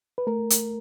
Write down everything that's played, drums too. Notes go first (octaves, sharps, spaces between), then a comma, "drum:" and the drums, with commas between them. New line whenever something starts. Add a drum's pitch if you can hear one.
B4
A3 A#4
drum: hi-hat